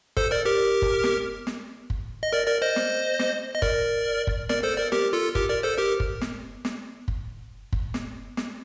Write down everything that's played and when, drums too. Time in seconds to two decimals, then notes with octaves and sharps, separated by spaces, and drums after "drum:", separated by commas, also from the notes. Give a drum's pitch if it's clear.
0.17 A4 C5, drum: kick
0.31 A#4 D5
0.45 G4 A#4
0.82 drum: kick
1.04 drum: snare
1.47 drum: snare
1.90 drum: kick
2.23 D#5
2.33 A#4 D5
2.47 A#4 D5
2.62 C5 D#5
2.76 drum: snare
3.19 drum: snare
3.55 D#5
3.62 A#4 D5, drum: kick
4.27 drum: kick
4.49 A#4 D5, drum: snare
4.63 A4 C5
4.78 A#4 D5
4.92 G4 A#4, drum: snare
5.13 F4 A4
5.35 G4 A#4, drum: kick
5.49 A#4 D5
5.63 A4 C5
5.78 G4 A#4
6.00 drum: kick
6.21 drum: snare
6.65 drum: snare
7.08 drum: kick
7.73 drum: kick
7.94 drum: snare
8.37 drum: snare